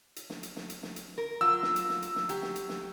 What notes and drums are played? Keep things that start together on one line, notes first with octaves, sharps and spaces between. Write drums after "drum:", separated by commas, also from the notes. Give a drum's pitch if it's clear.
drum: hi-hat
drum: snare
drum: hi-hat
drum: snare
drum: hi-hat
drum: snare
drum: hi-hat
A#4
F#3 F4 E6
drum: snare
drum: hi-hat
drum: snare
drum: hi-hat
drum: snare
F#3 G4, drum: hi-hat
drum: snare
drum: hi-hat
drum: snare